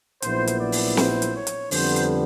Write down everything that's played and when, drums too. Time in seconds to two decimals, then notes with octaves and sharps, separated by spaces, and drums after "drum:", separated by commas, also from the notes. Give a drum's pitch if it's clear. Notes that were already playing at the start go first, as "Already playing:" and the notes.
0.22 A#1 A#2 F#3 B3 E4 C5, drum: hi-hat
0.47 drum: hi-hat
0.60 D5
0.72 drum: open hi-hat
0.97 C5, drum: snare
1.22 drum: hi-hat
1.34 C#5
1.47 drum: hi-hat
1.71 F2 D3 G3 B3 C5, drum: open hi-hat
1.96 drum: hi-hat